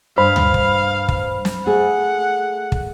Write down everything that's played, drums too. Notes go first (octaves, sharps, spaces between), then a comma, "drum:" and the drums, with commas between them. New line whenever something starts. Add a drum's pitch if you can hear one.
G2 C5 F5 B5
drum: tom D2
drum: kick
drum: kick
drum: snare
A3 G#4 F#5
drum: kick